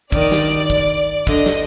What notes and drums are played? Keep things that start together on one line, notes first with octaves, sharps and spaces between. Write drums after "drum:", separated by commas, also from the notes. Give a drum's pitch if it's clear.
D#3 D5, drum: kick
drum: snare
drum: kick
D3 D#5, drum: kick
drum: snare